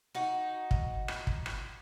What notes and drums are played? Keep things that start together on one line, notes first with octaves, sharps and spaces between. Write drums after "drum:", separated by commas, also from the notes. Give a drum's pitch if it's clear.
D#4 F#4
drum: kick
drum: rim click
drum: kick
drum: rim click